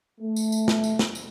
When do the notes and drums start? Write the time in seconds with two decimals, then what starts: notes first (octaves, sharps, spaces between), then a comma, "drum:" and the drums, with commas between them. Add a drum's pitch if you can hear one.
0.21 A3
0.36 drum: tambourine
0.52 drum: tambourine
0.68 drum: snare
0.84 drum: tambourine
0.99 drum: snare
1.15 drum: tambourine